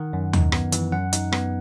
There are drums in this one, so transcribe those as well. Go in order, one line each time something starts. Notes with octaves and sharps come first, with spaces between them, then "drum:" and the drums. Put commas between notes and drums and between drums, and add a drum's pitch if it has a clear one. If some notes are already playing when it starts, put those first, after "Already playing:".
Already playing: D#3 F#5
F#2
D#4, drum: tom D#2
B3, drum: rim click
E3, drum: hi-hat
F#2 F#5
D#4, drum: hi-hat
B3, drum: rim click